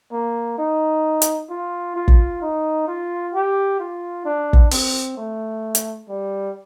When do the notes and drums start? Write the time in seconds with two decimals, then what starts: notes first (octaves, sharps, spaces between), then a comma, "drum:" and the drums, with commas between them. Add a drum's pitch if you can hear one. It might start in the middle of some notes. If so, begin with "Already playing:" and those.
0.12 A#3
0.58 D#4
1.22 drum: hi-hat
1.50 F4
1.96 F4
2.08 drum: kick
2.42 D#4
2.88 F4
3.34 G4
3.80 F4
4.25 D4
4.53 drum: kick
4.71 C4, drum: open hi-hat
5.18 A3
5.75 drum: hi-hat
6.09 G3